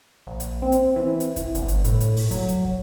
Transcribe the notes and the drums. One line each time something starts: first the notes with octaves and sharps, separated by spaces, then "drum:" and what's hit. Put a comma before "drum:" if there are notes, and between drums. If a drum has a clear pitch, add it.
A#1
drum: hi-hat
C4
drum: hi-hat
E3
drum: hi-hat
drum: kick, hi-hat
G1, drum: hi-hat
drum: hi-hat
A2, drum: hi-hat
drum: hi-hat
drum: open hi-hat
F#3, drum: kick, hi-hat
drum: hi-hat
drum: kick